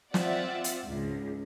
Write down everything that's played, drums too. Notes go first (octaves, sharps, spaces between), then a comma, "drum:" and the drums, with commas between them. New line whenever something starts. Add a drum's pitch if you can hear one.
C4 F4 D5 E5 F#5, drum: snare
drum: hi-hat
C#2 G#2